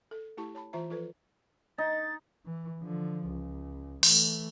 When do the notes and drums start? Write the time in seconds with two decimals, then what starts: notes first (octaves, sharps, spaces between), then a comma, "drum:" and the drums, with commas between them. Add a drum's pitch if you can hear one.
0.11 A4
0.37 A3 E4 G4 A5 C#6
0.55 C#5 A5 B5
0.73 E3 F4 C5 E5 A#5
0.89 F3 F4 A4 B4
1.78 D#4 A6
2.46 E3
2.81 D3 F3
3.26 C#2
4.03 E3 A3, drum: open hi-hat